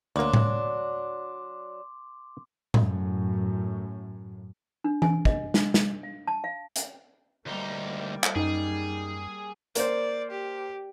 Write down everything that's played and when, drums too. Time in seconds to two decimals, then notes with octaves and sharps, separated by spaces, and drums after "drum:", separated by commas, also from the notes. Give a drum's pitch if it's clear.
0.16 D2 F#3 A#3 D4 C6 D6
0.34 drum: tom A2
2.74 F#2 A2, drum: tom A2
4.84 D4
5.02 G#5, drum: tom E3
5.25 D#5, drum: kick
5.54 D4, drum: snare
5.74 drum: snare
6.03 F5
6.27 A5
6.44 F5
6.76 drum: hi-hat
7.46 D2 G3 A#3 D#4
8.24 drum: clap
8.36 F#2 D#4 G#4
9.75 A#3 C5 D5, drum: hi-hat
10.31 G4